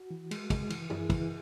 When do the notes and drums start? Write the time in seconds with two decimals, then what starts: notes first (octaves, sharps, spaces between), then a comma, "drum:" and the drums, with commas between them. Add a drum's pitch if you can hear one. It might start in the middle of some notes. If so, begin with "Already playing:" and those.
Already playing: F#4
0.11 E3
0.31 G#3, drum: cymbal
0.50 G#3, drum: kick, cymbal
0.70 E3, drum: cymbal
0.90 E3 E4 G#4, drum: tom F#2
1.10 E3, drum: kick, cymbal